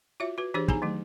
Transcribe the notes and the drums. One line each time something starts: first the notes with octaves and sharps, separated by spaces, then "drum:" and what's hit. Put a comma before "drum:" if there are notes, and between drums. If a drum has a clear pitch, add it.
F4 F#4 C#5 E5
F#4 B4
E3 D4 G4 G#4 C5
B3 D#4 G#4 G#5 A#5, drum: kick
D#3 F#3 A3